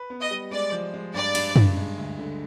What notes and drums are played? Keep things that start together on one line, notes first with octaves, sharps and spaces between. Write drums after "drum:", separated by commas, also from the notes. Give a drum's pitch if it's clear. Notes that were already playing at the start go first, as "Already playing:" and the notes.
Already playing: B4
B3
D#5
G3
G#3 D5
F3
G#3
G2 D5
G2, drum: cymbal
G2, drum: tom F#2
G#3
D2
D3